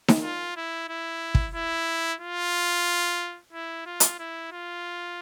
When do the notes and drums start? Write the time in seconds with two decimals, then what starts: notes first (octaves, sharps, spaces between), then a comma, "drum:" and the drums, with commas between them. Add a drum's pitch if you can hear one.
0.08 drum: snare D#4
0.23 F4
0.56 E4
0.89 E4
1.35 drum: kick
1.55 E4
2.21 F4
3.53 E4
3.86 F4
4.00 drum: hi-hat
4.19 E4
4.52 F4